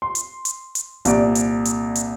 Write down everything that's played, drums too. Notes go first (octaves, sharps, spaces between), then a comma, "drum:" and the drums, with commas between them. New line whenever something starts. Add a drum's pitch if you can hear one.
C6
drum: hi-hat
drum: hi-hat
drum: hi-hat
C2 A#2 D5, drum: hi-hat
drum: hi-hat
drum: hi-hat
drum: hi-hat